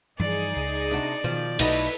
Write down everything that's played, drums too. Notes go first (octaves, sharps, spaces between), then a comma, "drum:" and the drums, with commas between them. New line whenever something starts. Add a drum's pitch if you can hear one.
G2 E3 F3 D#4 G#4 D5
C#2
C3 D4 F#4
B2 D#3 F3
B1 D#4 E4 F#4 A4 B4 D#5, drum: cymbal